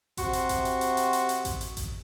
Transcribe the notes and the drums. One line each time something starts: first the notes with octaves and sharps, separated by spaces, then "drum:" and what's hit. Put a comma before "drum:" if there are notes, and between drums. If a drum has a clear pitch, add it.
C3 F#4 C6, drum: kick A1, hi-hat
drum: hi-hat
drum: kick A1, hi-hat
drum: hi-hat
drum: hi-hat
drum: hi-hat
drum: hi-hat
drum: hi-hat
drum: kick A1, hi-hat
drum: hi-hat
drum: kick A1, hi-hat